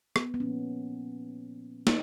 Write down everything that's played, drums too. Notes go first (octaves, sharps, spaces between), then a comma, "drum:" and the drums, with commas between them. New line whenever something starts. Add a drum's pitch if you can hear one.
B3, drum: rim click
B3
A#2 F3 A#3 C#4
A#3 D#4, drum: snare